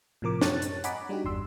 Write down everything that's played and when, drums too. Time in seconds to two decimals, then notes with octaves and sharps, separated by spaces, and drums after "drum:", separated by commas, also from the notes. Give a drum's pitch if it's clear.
0.22 A2 C3 F3 A#4 D6
0.41 F#2 G4 C#5 F#6 A6, drum: snare
0.62 drum: hi-hat
0.84 D#5 F#5 G#5 A#5 B5 D6, drum: hi-hat
1.09 G3 D4 D#4 F#4 G4
1.24 G1 E2 C6 E6